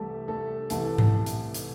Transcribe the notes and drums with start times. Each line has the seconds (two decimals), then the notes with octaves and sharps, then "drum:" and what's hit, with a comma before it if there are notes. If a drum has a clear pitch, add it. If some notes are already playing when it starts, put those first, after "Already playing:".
Already playing: C2 C3 E3 G3 A3 G4 A4
0.28 A3 A4
0.70 C2 C3 E3 A3 A4, drum: hi-hat
0.98 drum: tom G#2
1.26 drum: hi-hat
1.54 drum: hi-hat